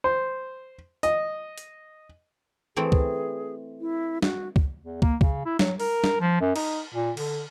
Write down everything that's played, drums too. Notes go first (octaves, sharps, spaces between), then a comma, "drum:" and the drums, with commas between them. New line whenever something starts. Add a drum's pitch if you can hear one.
C5
D#5, drum: hi-hat
drum: hi-hat
E3 A3 C4 G#4
drum: kick
E4
F#4, drum: snare
drum: kick
E2
A#3, drum: kick
C#3, drum: kick
E4
F#3, drum: snare
A#4, drum: open hi-hat
drum: snare
F3
F#2
D#4, drum: cymbal
A#2
D3, drum: cymbal